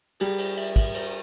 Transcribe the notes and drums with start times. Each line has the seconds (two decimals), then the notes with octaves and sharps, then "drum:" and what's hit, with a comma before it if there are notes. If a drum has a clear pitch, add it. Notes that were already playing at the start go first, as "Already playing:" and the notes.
0.20 G3 G#4, drum: cymbal
0.38 C5, drum: cymbal
0.57 E5, drum: cymbal
0.76 E5, drum: kick, cymbal
0.94 C5, drum: cymbal